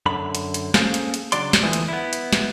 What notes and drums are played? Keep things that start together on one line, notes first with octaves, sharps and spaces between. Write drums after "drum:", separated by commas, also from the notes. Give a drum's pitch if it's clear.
F#2 D3 B5
drum: hi-hat
drum: hi-hat
A#3 C#4 G#4 A4 C5 F5, drum: snare
drum: hi-hat
drum: hi-hat
C#3 F#3 D4 D5 C6, drum: hi-hat
drum: snare
D2 E3 F3 B3
drum: hi-hat
B3 E4
drum: hi-hat
drum: snare